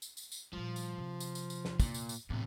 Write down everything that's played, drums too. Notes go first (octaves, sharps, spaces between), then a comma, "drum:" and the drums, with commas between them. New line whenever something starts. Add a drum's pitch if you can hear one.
drum: tambourine
drum: tambourine
drum: tambourine
A#2 F3 G3
drum: tambourine
C3
drum: tambourine
drum: tambourine
drum: tambourine
drum: snare
A#2, drum: kick, tambourine
drum: tambourine
drum: tambourine
E2 A2 C3 B3